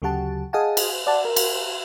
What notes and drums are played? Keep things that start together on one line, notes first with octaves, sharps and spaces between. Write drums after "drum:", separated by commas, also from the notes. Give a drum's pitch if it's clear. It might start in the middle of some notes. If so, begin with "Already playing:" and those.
D2 C#3 F#3 G4 F#5 A5
G#4 D#5 F5 F#5 G#5 A5
drum: cymbal
D5 F#5 A5
A#4
drum: cymbal